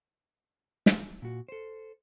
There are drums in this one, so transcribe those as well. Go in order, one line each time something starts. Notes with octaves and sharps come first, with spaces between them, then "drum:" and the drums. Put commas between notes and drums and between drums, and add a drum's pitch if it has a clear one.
drum: snare
A#2 F#4
A4 C5